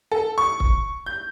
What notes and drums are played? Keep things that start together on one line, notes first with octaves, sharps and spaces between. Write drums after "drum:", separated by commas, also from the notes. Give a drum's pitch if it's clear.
A4
C#6
drum: kick C#1
G6